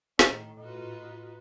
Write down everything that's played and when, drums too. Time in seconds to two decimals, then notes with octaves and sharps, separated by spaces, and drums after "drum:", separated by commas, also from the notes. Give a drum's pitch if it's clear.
0.19 A2 D#3, drum: snare
0.61 D#4 F4 F#4 B4